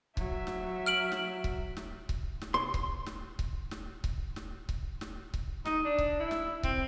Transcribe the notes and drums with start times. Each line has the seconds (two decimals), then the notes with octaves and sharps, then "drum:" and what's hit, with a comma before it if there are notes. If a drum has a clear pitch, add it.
0.17 F#3 E5, drum: kick C#1
0.47 drum: snare
0.86 F6 D7 F#7
1.12 drum: snare
1.44 drum: kick C#1
1.77 drum: snare
2.09 drum: kick C#1
2.41 drum: snare
2.54 C6
2.74 drum: kick C#1
3.06 drum: snare
3.39 drum: kick C#1
3.71 drum: snare
4.04 drum: kick C#1
4.36 drum: snare
4.69 drum: kick C#1
5.01 drum: snare
5.34 drum: kick C#1
5.65 D#4, drum: snare
5.85 D4
5.98 drum: kick C#1
6.20 E4
6.31 drum: snare
6.63 C4, drum: kick C#1